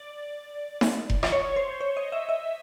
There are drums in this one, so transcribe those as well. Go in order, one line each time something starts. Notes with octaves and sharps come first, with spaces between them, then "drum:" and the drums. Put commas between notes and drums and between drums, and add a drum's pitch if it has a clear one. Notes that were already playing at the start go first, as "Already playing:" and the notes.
Already playing: D5
drum: snare D#4
drum: kick F1
drum: rim click
C#5
C5
C#5
D#5
E5
E5